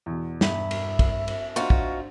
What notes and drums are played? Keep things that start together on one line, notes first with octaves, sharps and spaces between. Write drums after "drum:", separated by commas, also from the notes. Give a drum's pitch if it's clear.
E2 B2
G2 E5 B5, drum: snare
drum: cymbal
drum: kick, cymbal
drum: cymbal
G#2 D4 F4 F#4 C5 C#6
drum: kick